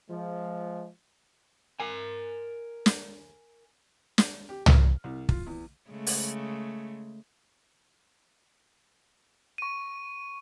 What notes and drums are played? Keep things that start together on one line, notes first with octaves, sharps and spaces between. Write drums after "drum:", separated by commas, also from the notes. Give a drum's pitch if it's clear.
F3 G#3
A#4 G#5
drum: snare
drum: snare
G4
F6, drum: tom
C2
F4, drum: kick
E2
C#3 G#3 A3
drum: open hi-hat
C#6 D#7